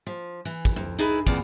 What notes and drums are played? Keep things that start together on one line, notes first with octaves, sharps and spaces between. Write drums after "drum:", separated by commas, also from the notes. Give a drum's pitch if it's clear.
F3
E3, drum: tambourine
drum: kick, tambourine
F2
D#4 E4 G#4 A4 B4
E2 A#2 B3 C4 D5 F5, drum: kick, tambourine